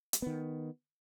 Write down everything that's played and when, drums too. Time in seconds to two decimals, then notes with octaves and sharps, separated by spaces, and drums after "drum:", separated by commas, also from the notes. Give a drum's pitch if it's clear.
0.13 drum: hi-hat
0.22 D#3 B3